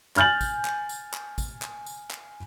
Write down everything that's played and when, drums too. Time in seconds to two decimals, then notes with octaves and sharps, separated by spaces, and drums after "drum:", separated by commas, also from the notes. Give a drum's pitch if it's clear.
0.16 G#5 F6 G6 A6 F#7, drum: clap
0.41 drum: kick G#1, tambourine
0.65 drum: clap
0.89 drum: tambourine
1.14 drum: clap
1.38 drum: kick G#1, tambourine
1.62 drum: clap
1.86 drum: tambourine
2.11 drum: clap